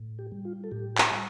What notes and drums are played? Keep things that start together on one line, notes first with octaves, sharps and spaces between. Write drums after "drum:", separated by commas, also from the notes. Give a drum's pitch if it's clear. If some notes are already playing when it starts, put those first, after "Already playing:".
Already playing: A2
G4
G3
F4
A4
A2 G4
drum: clap
G3